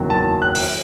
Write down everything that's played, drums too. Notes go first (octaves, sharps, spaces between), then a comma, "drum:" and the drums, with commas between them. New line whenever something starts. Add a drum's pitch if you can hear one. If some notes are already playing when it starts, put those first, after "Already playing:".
Already playing: F#1 E2 D#3 F#3
A5
F#6
drum: open hi-hat